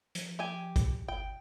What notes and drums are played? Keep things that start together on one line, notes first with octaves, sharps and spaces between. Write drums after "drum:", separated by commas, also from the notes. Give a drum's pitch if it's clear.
F3, drum: hi-hat
G4 G5 G#5
drum: kick, hi-hat
G1 G5